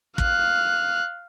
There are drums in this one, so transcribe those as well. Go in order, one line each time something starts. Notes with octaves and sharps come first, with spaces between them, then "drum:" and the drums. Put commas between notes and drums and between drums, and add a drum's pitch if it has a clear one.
F5 F#6, drum: kick